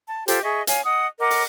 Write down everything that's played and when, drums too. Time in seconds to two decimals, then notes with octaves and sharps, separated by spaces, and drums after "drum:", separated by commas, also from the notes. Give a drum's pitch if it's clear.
0.08 A5
0.28 F4 G4 A4 C5, drum: hi-hat
0.42 G#4 D#5 E5 C#6
0.67 C#5 F5 G#5, drum: hi-hat
0.85 D#5 F#5 D#6
1.20 A#4 D#5 F#5 D6
1.30 drum: open hi-hat